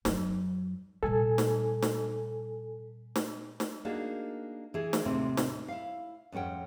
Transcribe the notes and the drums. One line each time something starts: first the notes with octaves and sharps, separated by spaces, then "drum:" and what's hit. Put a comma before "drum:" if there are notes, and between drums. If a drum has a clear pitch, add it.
F#2 F#3, drum: snare
A#2 G3 A4 G#5
drum: snare
drum: snare
drum: snare
drum: snare
A#3 D4 D#4 F#4 G#4
E3 G#4
drum: snare
D#2 A2 C3 G#3 C4
drum: snare
E4 F5
F2 G#2 C#4 F#5 G5